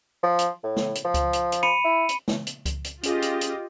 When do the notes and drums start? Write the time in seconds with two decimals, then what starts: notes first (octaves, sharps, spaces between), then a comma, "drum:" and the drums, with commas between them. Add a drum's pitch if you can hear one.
0.23 F3
0.39 drum: hi-hat
0.63 A2
0.76 drum: snare
0.95 drum: hi-hat
1.04 F3
1.14 drum: kick C#2, hi-hat
1.33 drum: hi-hat
1.52 drum: hi-hat
1.63 B5 C#7 D#7
1.85 E4
2.09 drum: hi-hat
2.28 drum: snare
2.47 drum: hi-hat
2.66 drum: kick C#2, hi-hat
2.84 drum: hi-hat
3.03 C#4 F4 G4 G#4 D#5, drum: hi-hat
3.22 drum: hi-hat
3.41 drum: hi-hat